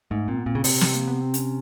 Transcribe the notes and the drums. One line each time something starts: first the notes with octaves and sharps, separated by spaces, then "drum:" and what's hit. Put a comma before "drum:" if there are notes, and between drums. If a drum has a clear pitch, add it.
G#2 A3
A#2 C4
B3
A#2 C4
C#3
C3 C4, drum: open hi-hat
drum: snare
A#3
B3
C4
C#4, drum: hi-hat